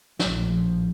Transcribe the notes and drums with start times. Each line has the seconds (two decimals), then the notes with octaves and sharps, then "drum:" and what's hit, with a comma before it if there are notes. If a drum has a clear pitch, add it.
0.19 A#1 A2 F3, drum: snare
0.49 F3